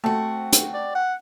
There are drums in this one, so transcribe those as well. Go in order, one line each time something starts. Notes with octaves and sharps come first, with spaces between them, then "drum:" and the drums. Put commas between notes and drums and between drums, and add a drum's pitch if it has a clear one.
A3 C4 F#4
drum: hi-hat
D5
F#5